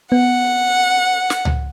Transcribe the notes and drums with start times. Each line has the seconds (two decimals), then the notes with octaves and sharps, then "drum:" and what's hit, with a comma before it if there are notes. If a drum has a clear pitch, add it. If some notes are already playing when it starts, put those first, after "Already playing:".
0.12 B3 F#5
1.30 drum: snare
1.45 drum: tom C#2